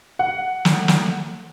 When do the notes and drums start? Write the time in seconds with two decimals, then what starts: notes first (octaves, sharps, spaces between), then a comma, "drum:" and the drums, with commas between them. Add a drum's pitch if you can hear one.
0.19 F#5
0.65 drum: snare
0.88 drum: snare